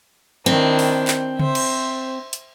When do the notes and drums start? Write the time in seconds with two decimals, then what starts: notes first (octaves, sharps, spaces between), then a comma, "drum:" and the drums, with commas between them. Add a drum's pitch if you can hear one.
0.46 D#3 C4 D4 E4
0.79 drum: open hi-hat
1.07 drum: clap
1.40 C5 E5, drum: tom C#3
1.55 drum: cymbal
2.33 drum: hi-hat